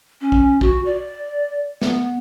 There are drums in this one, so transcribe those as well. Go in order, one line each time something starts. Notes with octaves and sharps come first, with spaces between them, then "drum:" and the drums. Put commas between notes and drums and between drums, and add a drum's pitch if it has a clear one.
C#4
drum: kick
F#4, drum: kick
D5
B3, drum: snare